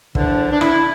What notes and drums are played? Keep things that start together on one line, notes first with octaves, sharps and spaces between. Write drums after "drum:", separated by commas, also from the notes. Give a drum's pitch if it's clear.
E2 D3 F3 D4, drum: kick
D4
E4, drum: rim click